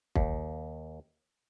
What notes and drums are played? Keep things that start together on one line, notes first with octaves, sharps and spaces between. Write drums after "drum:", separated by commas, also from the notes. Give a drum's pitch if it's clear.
D#2, drum: kick